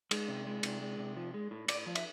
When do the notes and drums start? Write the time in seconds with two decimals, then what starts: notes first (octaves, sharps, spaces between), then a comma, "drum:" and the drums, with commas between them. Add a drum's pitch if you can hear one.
0.11 G#3, drum: cymbal
0.28 C3
0.47 G#3
0.63 C3, drum: cymbal
0.81 G#3
0.99 C3
1.16 F3
1.34 G#3
1.51 A2
1.68 A2 D5, drum: cymbal
1.86 F3
1.95 E5, drum: cymbal